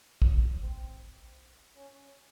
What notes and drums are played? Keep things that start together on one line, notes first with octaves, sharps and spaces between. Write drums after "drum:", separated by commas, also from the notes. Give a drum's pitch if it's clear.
F#3, drum: kick
C4
C#4